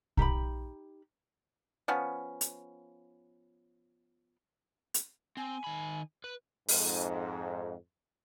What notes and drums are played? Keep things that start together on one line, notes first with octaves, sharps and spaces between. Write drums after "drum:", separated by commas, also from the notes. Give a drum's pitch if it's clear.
D#4 G4 E5 B5, drum: kick
F3 B3 C#4
drum: hi-hat
drum: hi-hat
C4 G#5
D#3 B5
B4
F2 G#2, drum: open hi-hat